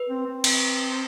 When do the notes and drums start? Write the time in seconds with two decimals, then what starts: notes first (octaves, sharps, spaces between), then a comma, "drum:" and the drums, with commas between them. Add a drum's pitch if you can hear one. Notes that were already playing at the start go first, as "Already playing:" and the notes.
Already playing: B4
0.09 C4
0.26 C4
0.44 drum: cymbal